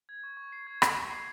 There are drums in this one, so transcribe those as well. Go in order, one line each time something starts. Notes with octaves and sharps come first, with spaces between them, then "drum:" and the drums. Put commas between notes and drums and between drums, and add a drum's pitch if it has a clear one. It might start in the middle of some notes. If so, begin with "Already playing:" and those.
G#6
C#6
C#6
C7
G#6
C#6, drum: rim click
C#6
C7